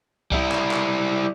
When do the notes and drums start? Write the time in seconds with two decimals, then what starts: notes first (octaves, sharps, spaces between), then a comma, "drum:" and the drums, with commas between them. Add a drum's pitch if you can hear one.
0.32 G3 E4, drum: kick C2
0.52 drum: clap
0.71 drum: clap